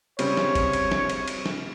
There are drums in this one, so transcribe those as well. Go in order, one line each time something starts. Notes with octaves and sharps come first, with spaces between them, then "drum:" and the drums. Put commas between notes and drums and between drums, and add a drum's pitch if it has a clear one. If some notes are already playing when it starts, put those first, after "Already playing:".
C#3 G3 C4 C#5, drum: cymbal
drum: snare
drum: kick G1, cymbal
drum: cymbal
drum: snare
drum: cymbal
drum: cymbal
drum: snare